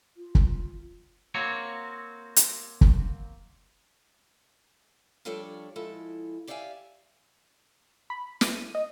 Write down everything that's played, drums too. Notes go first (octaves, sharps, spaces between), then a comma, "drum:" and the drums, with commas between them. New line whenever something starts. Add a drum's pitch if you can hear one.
F4
drum: kick
A#3 C4 F#4 C#5
drum: hi-hat
drum: kick
F3 G3 D4 A4 C#5 D5
F3 G#3 E4 A4
G4 D5 E5 F5 G5 G#5
B5
D#7, drum: snare
D#5